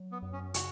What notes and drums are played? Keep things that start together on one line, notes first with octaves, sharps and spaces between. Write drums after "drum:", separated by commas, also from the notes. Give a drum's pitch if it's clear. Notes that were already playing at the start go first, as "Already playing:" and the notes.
Already playing: F#3
B3
F#2
C#4
C#3 F#4, drum: hi-hat